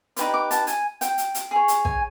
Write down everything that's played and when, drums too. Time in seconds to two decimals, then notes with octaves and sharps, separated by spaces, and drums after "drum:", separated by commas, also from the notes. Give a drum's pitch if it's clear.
0.17 D#4 G4 B4 D5, drum: hi-hat
0.34 D6
0.51 A5, drum: hi-hat
0.67 G#5, drum: hi-hat
1.01 G5, drum: hi-hat
1.18 drum: hi-hat
1.34 drum: hi-hat
1.51 G#4 C#5
1.68 drum: hi-hat
1.85 G#5, drum: kick